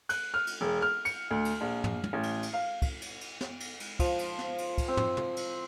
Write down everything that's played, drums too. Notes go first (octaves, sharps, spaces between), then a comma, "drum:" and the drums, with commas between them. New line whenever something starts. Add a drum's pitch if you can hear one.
F#6, drum: cymbal
F6
drum: cymbal
E1
F6
C#7, drum: cymbal
D2
drum: cymbal
A#1
drum: tom
drum: tom
A1
drum: cymbal
drum: cymbal
F5
drum: kick, cymbal
drum: cymbal
drum: cymbal
drum: snare
drum: cymbal
drum: cymbal
F3, drum: kick, cymbal
drum: cymbal
drum: snare
drum: cymbal
drum: kick, cymbal
C4
drum: tom
drum: tom
drum: cymbal